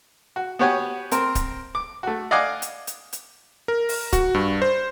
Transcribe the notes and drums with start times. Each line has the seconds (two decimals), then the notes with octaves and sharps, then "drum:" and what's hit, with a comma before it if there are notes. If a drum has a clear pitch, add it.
0.36 F#4
0.59 B3 F#4 G4 C#5 F#5 G#5
1.12 C4 A#4 C5, drum: hi-hat
1.35 drum: kick D1, hi-hat
1.75 D6
2.03 A3 F#4
2.31 D5 D#5 F5 F#5 G#5 D6
2.62 drum: hi-hat
2.87 drum: hi-hat
3.13 drum: hi-hat
3.68 A#4
3.89 drum: open hi-hat
4.13 F#4, drum: kick D1, hi-hat
4.34 G2
4.62 C5